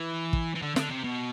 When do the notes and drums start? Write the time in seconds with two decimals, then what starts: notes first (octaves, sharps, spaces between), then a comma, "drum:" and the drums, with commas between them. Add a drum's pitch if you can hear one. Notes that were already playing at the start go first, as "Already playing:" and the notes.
Already playing: E3
0.33 drum: kick
0.55 E3
0.62 D3
0.76 D3, drum: snare
0.90 C3
1.04 B2